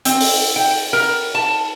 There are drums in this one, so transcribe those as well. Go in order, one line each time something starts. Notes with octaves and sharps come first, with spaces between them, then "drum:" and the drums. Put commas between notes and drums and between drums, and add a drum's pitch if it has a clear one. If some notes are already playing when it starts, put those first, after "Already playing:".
C4, drum: hi-hat
drum: open hi-hat
G5
A#4
A5